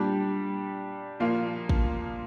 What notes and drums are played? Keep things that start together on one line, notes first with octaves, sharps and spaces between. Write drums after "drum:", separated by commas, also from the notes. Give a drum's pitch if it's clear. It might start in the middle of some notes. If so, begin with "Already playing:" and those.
Already playing: A#2 G3 D4 G4
A#2 F3 A#3 F4
drum: kick